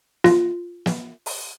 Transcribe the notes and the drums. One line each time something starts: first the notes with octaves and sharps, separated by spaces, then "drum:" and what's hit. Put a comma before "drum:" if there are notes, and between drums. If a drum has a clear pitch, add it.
F4, drum: snare
drum: snare
drum: open hi-hat